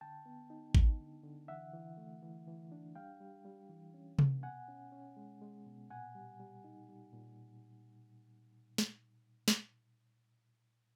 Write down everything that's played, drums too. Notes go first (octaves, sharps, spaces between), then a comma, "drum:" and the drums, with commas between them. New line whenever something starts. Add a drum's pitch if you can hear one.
D3 G5 A5
B3
D#4
D#4, drum: kick G#1
D3
D3
E3 E5 F#5
E3
A3
E3
E3
D4
G3 F5 G5
G3
G3
E3
C#4
A#3, drum: tom C3
B2 F#5 G#5
C#4
C#4
G#3
G#3
B2
A#2 F#5 G#5
G3
G3
D#4
G3
A#2
drum: snare
drum: snare